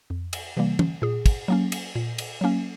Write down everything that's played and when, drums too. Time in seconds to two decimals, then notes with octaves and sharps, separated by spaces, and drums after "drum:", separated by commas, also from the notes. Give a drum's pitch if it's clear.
0.10 F2
0.33 drum: cymbal
0.57 C3 E3 G3 A#3
0.79 drum: tom
1.02 A#2 G#4
1.26 drum: kick, cymbal
1.48 F#3 A#3 C#4
1.72 drum: cymbal
1.95 A#2
2.18 drum: cymbal
2.41 F#3 A#3 C#4